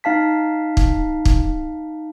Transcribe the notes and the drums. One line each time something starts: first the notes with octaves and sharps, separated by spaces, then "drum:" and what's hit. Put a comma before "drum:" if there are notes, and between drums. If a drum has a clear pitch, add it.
D#4 F5 A5 B6
drum: kick
drum: kick